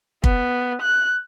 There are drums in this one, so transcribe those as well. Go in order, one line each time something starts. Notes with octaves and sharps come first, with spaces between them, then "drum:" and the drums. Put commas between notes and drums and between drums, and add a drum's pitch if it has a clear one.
B3, drum: kick
F#6